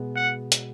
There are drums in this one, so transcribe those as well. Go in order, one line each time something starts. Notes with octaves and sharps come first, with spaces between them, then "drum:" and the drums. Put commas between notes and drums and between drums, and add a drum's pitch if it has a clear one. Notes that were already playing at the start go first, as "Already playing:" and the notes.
Already playing: B2 G#3 B3
F#5
drum: hi-hat